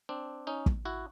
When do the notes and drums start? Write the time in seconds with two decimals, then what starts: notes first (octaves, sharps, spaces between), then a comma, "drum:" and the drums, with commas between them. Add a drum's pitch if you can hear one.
0.09 C4 D4
0.47 C#4 D#4
0.66 drum: kick
0.85 E4 F#4